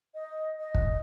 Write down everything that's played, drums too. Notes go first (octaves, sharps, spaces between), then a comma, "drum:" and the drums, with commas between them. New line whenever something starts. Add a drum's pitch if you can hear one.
D#5
D#5
drum: kick